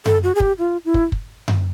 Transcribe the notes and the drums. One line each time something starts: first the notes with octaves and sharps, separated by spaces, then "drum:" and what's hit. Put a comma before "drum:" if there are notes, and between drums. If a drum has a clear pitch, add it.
A4, drum: tom F#2
F#4
G#4
G4, drum: kick
F4
E4
drum: kick
drum: kick
drum: tom F#2